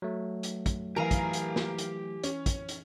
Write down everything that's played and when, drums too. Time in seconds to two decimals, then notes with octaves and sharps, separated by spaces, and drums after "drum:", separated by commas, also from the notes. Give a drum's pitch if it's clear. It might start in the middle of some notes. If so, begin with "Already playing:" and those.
0.02 F#3 A3
0.43 drum: hi-hat
0.66 drum: kick, hi-hat
0.96 E3 G4 A#4 F5 G#5 A#5
1.11 drum: kick, hi-hat
1.33 drum: hi-hat
1.56 drum: snare
1.78 drum: hi-hat
2.24 C#4, drum: hi-hat
2.46 drum: kick, hi-hat
2.69 drum: hi-hat